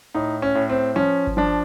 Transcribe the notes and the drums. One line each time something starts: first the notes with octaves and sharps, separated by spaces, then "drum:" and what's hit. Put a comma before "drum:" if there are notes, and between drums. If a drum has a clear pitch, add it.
A2 D#4
C#4
A2
C4
F3 C#4
drum: kick G1
F3 D4